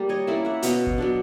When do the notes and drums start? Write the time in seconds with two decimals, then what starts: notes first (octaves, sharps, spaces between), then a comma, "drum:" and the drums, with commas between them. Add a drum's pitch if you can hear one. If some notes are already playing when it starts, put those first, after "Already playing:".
Already playing: G3 A#3
0.09 C#5 D#5
0.27 A#3 C#4 E4 D5 E5
0.45 E5 F#5
0.62 B2 D#5 F5, drum: hi-hat
0.87 drum: kick
0.98 F#3 B3 D4